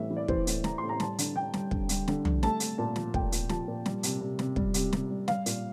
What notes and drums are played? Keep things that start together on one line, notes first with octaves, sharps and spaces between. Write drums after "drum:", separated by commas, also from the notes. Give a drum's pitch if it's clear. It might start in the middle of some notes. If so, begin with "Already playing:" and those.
Already playing: A2 E3 G3 E5
E3
D5
E3 C5, drum: kick
A2, drum: hi-hat
A2 A#5, drum: snare
A2 C6
A#5
G3 A5, drum: snare
D3, drum: hi-hat
D3 G5
G3, drum: snare
D3, drum: kick
G3, drum: hi-hat
D3, drum: snare
G3, drum: tom
A3 A5, drum: snare
A3, drum: hi-hat
A#2 A5
F3, drum: snare
A3 G5, drum: kick
A#2, drum: hi-hat
F3 A5, drum: snare
A#2
G3, drum: snare
C3, drum: hi-hat
C3
C3, drum: snare
G3, drum: kick
C3, drum: hi-hat
C3, drum: snare
G3
G3 F5, drum: snare
A#2, drum: hi-hat